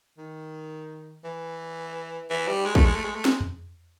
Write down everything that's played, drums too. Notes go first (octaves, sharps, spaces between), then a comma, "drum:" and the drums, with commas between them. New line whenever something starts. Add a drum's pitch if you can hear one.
D#3
E3
E3
G3
G#3
A3, drum: kick
G#3
A3
G#3
A3
G#3, drum: snare
drum: tom F2